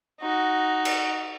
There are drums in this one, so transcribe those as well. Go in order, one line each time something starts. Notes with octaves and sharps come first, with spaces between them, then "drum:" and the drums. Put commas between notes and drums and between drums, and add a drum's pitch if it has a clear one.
D#4 F#4
drum: cymbal